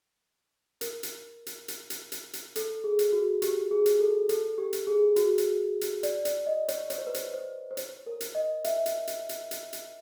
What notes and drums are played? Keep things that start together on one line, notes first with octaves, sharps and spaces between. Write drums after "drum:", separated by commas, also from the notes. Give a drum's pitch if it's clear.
A#4, drum: hi-hat
drum: hi-hat
drum: hi-hat
drum: hi-hat
drum: hi-hat
drum: hi-hat
drum: hi-hat
A4, drum: hi-hat
G#4
drum: hi-hat
F#4
G4, drum: hi-hat
G#4
drum: hi-hat
A4
A4, drum: hi-hat
G4
drum: hi-hat
G#4
F#4, drum: hi-hat
drum: hi-hat
drum: hi-hat
D5, drum: hi-hat
D5, drum: hi-hat
D#5
C#5, drum: hi-hat
C#5, drum: hi-hat
C5
B4
C5, drum: hi-hat
C5
C5
C#5, drum: hi-hat
A#4
drum: hi-hat
D#5
E5, drum: hi-hat
drum: hi-hat
drum: hi-hat
drum: hi-hat
drum: hi-hat
drum: hi-hat